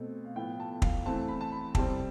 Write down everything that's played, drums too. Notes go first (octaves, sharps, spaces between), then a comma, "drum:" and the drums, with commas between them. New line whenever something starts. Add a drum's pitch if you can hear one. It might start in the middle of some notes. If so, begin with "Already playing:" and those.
Already playing: B2 A3 C4
F5
A2 F3 B3 G5
A5
F5, drum: kick
E3 A3 C4 A5
B5
A5
B5
C3 G3 C4 A5, drum: kick